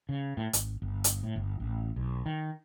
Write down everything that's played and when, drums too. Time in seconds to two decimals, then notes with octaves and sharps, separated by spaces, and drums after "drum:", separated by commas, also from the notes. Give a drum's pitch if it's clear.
0.09 C#3
0.37 A2
0.53 G#1, drum: hi-hat
0.82 G1
1.04 drum: hi-hat
1.23 A2
1.36 G1
1.60 A1
1.96 B1
2.26 D#3